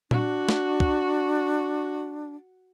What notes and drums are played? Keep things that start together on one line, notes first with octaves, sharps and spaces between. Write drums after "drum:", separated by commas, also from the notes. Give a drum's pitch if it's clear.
D4 F#4, drum: tom A#2
drum: snare
drum: kick